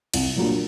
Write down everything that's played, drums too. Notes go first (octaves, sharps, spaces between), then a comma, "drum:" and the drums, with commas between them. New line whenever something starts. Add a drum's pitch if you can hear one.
C2, drum: cymbal
A#2 F#3 A#3 D4